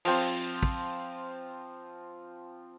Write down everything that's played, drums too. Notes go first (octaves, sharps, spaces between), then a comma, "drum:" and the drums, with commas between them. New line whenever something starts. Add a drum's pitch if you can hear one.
F3 C4, drum: open hi-hat
drum: kick